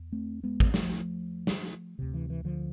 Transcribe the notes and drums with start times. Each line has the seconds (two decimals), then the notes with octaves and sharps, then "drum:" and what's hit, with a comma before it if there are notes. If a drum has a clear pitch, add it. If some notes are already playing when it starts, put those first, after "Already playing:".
Already playing: E2
0.12 A3 C4
0.43 G#3 B3
0.60 drum: kick
0.74 F3 A3, drum: snare
1.47 drum: snare
1.99 D2 C3
2.14 E3
2.30 E3
2.45 D3 F3